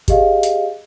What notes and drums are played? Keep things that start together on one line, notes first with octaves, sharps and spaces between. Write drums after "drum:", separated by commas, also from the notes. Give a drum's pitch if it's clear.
G4 G#4 D#5 F5, drum: kick G#1, hi-hat
drum: hi-hat